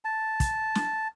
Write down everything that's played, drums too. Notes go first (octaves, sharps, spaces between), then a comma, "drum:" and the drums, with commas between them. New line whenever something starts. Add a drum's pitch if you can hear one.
A5
drum: kick, hi-hat
drum: snare